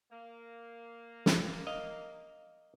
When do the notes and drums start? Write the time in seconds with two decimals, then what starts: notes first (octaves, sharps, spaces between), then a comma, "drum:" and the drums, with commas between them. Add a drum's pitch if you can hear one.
0.12 A#3
1.26 drum: snare
1.67 D#5 F5